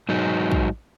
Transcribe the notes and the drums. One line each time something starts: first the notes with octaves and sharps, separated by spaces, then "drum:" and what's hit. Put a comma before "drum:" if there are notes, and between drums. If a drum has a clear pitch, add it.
G#2 F#3 D#4
drum: kick